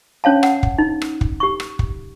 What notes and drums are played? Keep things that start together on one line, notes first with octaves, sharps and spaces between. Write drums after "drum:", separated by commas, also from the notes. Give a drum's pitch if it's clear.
C#4 C#5 F5 A5
F#5, drum: rim click
drum: kick
D#4
drum: rim click
drum: kick
G4 C#6
drum: rim click
drum: kick